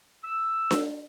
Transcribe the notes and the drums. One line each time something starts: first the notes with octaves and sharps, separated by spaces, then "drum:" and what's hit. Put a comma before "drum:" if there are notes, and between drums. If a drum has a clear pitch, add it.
E6
drum: snare D4